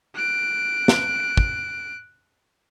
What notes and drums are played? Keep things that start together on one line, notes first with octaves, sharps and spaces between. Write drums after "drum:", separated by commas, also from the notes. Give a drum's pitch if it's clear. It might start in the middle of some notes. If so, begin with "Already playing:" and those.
F#6 D7
drum: snare
drum: kick